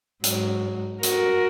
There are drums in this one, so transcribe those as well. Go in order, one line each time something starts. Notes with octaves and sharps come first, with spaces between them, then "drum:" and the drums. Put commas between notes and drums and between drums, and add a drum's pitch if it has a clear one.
G#2 F#3, drum: hi-hat
F#4 A#4, drum: hi-hat